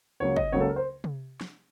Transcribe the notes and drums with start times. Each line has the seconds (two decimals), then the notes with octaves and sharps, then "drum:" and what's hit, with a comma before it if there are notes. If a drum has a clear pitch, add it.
0.20 C#2 C#3 F#3 A#3 C#5
0.36 D#5, drum: kick
0.52 C#2 C#3 F#3 A#3 C#5
0.60 A4
0.69 A#4
0.76 C5
1.04 drum: tom C3
1.41 drum: snare